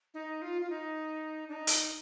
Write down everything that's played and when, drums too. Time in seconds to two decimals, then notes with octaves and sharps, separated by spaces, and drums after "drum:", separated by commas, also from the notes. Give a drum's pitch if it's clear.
0.14 D#4
0.42 F4
0.61 F4
0.70 D#4
1.48 D4
1.53 D#4
1.67 drum: hi-hat